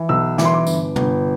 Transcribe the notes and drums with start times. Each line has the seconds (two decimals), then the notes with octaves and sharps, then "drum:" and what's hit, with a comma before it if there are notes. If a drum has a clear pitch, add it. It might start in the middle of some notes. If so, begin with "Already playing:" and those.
Already playing: E3
0.09 B1 E6
0.38 E3 D6, drum: snare
0.45 C6
0.54 D6
0.67 G1, drum: tambourine
0.96 G1, drum: tom